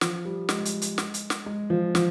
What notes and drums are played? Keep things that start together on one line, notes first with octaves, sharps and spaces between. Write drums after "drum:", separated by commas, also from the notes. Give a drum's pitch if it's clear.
F3, drum: snare
G3
G#3, drum: snare
drum: hi-hat
drum: hi-hat
drum: snare
drum: hi-hat
drum: snare
G#3
F3
F3, drum: snare